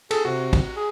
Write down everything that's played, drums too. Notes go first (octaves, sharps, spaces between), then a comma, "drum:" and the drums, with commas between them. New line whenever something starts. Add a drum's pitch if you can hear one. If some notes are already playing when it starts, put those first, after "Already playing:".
G#4 A4, drum: cymbal
C3 F#4
drum: kick, cymbal
G#4